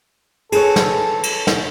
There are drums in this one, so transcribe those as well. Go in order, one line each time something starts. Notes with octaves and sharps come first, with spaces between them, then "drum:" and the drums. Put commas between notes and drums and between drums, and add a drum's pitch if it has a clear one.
G#4 A4 B4 C#5, drum: cymbal
drum: snare
drum: cymbal
drum: snare